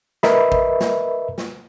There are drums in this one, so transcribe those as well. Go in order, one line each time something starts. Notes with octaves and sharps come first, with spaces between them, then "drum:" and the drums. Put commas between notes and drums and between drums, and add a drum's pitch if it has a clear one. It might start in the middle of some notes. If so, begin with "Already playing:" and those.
A#4 B4 D#5 E5 B5, drum: snare
drum: kick
drum: snare
drum: snare